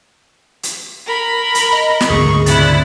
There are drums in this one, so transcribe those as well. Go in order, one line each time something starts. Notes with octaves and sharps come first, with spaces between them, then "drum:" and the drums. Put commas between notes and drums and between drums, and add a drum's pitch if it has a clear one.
drum: hi-hat
A#4 B5
drum: hi-hat
D#5
drum: snare
D2 G#2 C#3 G#4 C#6
C3 E4 D5 F#6, drum: hi-hat